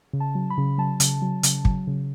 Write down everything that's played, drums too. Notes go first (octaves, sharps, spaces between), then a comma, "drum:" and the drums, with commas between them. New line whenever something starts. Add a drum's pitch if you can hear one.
C#3
A5
F#3
B5
C#3
F#3 A5
C#3, drum: hi-hat
F#3
C#3, drum: hi-hat
F#3, drum: kick
C#3